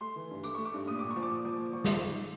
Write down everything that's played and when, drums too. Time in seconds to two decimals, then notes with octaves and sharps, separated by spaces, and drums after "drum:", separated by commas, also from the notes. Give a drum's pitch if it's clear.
0.01 A3 C6
0.16 E3
0.30 G2
0.44 A3 D6, drum: tambourine
0.55 A3 C#6
0.65 D6
0.73 G2
0.87 A#2 D#6
0.99 A#2 D6
1.11 C#6
1.16 F3
1.22 D6
1.31 A#2
1.45 F3
1.58 A#2
1.73 F3 C#6
1.84 G#2 C6, drum: snare
1.96 C#6
2.02 G#2